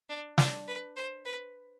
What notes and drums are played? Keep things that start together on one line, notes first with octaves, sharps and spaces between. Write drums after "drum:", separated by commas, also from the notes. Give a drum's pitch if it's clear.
D4
D4, drum: snare
B4
C5
B4